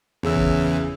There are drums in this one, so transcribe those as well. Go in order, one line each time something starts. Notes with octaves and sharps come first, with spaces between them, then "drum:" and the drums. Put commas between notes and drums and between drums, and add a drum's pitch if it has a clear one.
E2 C#3 E3 C#4 G#4 E6
drum: kick F#1